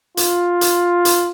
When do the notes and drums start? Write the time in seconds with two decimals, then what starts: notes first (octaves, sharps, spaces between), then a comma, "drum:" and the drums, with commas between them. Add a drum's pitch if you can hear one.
0.17 F4, drum: hi-hat
0.61 drum: hi-hat
1.05 drum: hi-hat